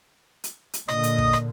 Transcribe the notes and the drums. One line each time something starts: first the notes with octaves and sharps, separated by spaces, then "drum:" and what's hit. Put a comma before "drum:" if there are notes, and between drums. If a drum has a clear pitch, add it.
drum: hi-hat
drum: hi-hat
A#2 D3 D#5 D#6, drum: rim click
drum: hi-hat
drum: kick
drum: rim click